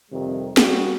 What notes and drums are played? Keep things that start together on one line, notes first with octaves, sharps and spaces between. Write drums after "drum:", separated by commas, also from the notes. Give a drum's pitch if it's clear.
F2 C3 D#3 G3
G3 A#3 F#4 G#4, drum: snare